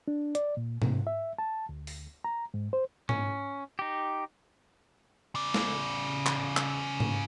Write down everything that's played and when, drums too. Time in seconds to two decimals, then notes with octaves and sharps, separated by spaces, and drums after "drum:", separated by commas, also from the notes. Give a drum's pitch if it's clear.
0.08 D4
0.35 D5, drum: hi-hat
0.57 A#2
0.82 C3, drum: tom G#2
1.07 E5
1.38 A5
1.69 D2
1.87 drum: open hi-hat
2.24 A#5
2.54 G#2
2.73 C5
3.09 C#4, drum: tom G#2
3.79 D#4 G4
5.35 C#3 D5
5.54 drum: snare
6.26 drum: clap
6.57 drum: clap
7.00 drum: tom G#2